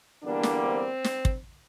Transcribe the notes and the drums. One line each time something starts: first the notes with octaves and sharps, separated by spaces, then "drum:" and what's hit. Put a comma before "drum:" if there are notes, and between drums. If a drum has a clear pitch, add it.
E2 D3 G3 A#3 D4
drum: snare
C4
drum: snare
drum: kick